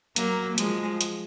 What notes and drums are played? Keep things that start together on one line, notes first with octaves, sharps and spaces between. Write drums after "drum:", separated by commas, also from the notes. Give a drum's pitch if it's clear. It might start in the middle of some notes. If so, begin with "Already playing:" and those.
F#3 A#3, drum: hi-hat
F3 G#3, drum: hi-hat
drum: hi-hat